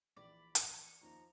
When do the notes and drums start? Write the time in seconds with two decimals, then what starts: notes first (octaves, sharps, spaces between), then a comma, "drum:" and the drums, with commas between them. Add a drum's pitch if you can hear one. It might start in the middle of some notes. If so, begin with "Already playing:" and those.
0.17 A#1 E3 D5 B5
0.55 C#7, drum: hi-hat
1.01 D#2 F3 D#4 A#5 C#6